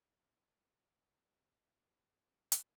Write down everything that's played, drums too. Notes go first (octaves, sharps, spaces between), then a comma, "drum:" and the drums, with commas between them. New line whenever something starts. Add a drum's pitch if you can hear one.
F3 C4 G#5
drum: hi-hat